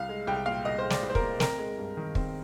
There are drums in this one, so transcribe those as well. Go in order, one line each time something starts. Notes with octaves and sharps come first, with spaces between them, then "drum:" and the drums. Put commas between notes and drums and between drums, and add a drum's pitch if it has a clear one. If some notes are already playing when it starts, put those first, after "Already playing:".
Already playing: C2 F5
G#3
C2 G5
A#2 F5
C2 D#5
C5
G#3
D5, drum: snare
C2
C5
A#4, drum: kick
A#2
C4 A#4, drum: snare
G#3
G2
D#3
C4, drum: kick